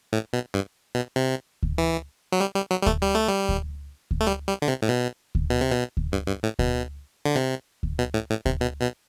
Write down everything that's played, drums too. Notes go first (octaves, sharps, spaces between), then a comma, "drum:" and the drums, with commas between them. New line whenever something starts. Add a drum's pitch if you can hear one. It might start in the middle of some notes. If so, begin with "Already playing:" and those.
A2
B2
G2
B2
C3
drum: kick D2
E3
F#3
G3
G3
F#3
G3
A3, drum: kick D2
G3
A3
G3
drum: kick D2
drum: kick D2
A3
G3
G3
D3
C3
A2
B2
drum: kick D2
B2
C3
B2
drum: kick D2
G2
G2
A2
B2, drum: kick D2
D3
C3
drum: kick D2
B2
A2
A2
C3, drum: kick D2
B2
B2